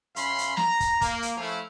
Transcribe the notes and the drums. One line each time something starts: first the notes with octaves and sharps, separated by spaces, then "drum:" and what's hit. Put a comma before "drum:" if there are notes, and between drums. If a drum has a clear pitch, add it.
F#2 C#4 F5 B5 C6, drum: hi-hat
drum: hi-hat
A#5, drum: snare
drum: kick, hi-hat
A#3, drum: kick, hi-hat
drum: hi-hat
F3 A3 C#4 E4 F4 F5